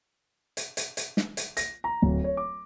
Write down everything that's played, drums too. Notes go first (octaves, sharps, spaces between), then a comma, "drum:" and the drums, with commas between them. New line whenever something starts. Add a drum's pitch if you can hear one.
drum: hi-hat
drum: hi-hat
drum: hi-hat
drum: snare
drum: hi-hat
A#6, drum: hi-hat
A#5
D1
C#5
D6